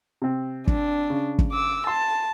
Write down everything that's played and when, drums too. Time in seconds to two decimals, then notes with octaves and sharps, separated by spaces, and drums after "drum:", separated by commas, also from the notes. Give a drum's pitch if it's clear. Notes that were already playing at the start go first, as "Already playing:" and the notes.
0.22 C3 C4
0.67 D4, drum: kick
1.10 C#3
1.39 drum: kick
1.52 D6 E6
1.87 A5 C6